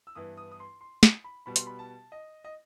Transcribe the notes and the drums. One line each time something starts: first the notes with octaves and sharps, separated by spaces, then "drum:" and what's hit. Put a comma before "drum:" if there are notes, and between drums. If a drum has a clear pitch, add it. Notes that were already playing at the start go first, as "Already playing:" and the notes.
E6
G2 E3 B3 D#6
D#6
D#6
C6
C6
D#6, drum: snare
B5
B2 G3 B3 B5
C6, drum: hi-hat
B5
A5
D#5
D#5